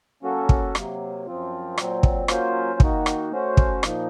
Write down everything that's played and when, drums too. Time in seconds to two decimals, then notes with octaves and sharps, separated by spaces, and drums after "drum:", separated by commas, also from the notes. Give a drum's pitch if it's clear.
0.23 F#3 A#3 C#4 F#4 A4
0.49 drum: kick
0.75 C3 F#3 A#3, drum: rim click
1.26 F#2 F3 C4 F4
1.78 A#2 F#3 C4, drum: rim click
2.03 drum: kick
2.28 F#3 A#3 C#4 F4 C5, drum: rim click
2.80 D#3 A#3 D#4 F#4, drum: kick
3.06 drum: rim click
3.31 A3 C#4 F#4 C5
3.57 drum: kick
3.83 A#2 F3 A#3 D#4, drum: rim click